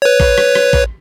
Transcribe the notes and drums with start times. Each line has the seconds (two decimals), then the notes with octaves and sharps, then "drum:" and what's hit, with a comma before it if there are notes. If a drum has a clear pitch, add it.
0.02 B4 C#5
0.20 drum: kick
0.38 drum: rim click
0.55 drum: rim click
0.73 drum: kick